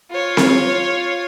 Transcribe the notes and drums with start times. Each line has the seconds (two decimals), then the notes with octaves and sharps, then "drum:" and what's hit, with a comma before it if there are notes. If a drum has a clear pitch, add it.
0.11 F4 C#5
0.37 drum: snare C4